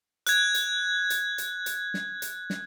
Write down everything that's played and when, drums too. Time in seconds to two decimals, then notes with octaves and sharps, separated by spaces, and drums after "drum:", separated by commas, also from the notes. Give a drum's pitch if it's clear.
0.27 F#6 G#6, drum: hi-hat
0.54 drum: hi-hat
1.10 drum: hi-hat
1.38 drum: hi-hat
1.66 drum: hi-hat
1.94 drum: snare
2.22 drum: hi-hat
2.50 drum: snare